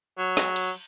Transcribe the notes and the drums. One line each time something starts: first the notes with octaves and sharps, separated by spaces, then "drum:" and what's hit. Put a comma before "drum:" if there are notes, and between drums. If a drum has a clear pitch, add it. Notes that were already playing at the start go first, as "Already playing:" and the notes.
F#3
drum: snare
drum: cymbal